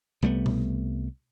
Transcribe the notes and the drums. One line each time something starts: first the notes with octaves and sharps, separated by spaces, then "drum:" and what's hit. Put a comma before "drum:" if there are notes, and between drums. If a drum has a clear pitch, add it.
C2 G3 A3 B3
drum: tom B2